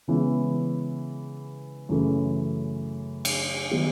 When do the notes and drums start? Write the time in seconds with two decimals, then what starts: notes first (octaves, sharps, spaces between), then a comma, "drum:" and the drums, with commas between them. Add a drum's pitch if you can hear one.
0.08 C#3 E3 G#3 B3 E4
1.89 F#2 C#3 E3 A3
3.25 drum: cymbal
3.71 D#3 F#3 B3 E4 G4